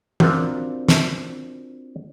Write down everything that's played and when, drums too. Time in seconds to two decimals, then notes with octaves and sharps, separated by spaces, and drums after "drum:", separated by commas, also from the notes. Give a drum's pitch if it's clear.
0.20 C4 D4 F4 F#4 A#4, drum: tom E3
0.88 drum: snare